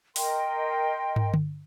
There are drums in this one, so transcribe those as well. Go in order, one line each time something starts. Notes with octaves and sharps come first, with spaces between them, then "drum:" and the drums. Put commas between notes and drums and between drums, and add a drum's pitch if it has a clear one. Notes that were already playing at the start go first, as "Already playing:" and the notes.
A#4 D#5 G5 C6, drum: open hi-hat
drum: tom
drum: tom D3